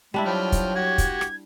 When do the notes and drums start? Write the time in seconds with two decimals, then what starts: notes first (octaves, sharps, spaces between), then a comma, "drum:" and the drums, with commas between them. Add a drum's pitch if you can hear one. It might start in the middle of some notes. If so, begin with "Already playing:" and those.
0.14 G3 G#3 D4 E4
0.26 F3 F#3 G5 F6
0.52 drum: kick, hi-hat
0.75 F#4 G4 G#6
0.98 drum: kick, hi-hat
1.21 drum: rim click